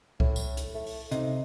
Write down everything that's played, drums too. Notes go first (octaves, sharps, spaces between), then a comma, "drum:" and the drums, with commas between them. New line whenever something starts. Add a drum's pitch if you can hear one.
A2, drum: kick C2
drum: tambourine
drum: hi-hat
A3
drum: open hi-hat
C3 D#4, drum: hi-hat